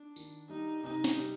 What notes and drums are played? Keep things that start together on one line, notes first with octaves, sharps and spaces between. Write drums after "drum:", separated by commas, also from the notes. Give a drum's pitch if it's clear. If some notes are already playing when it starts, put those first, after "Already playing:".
Already playing: D4
D#3, drum: tambourine
G3 D#4
C3 D#4
drum: snare
G3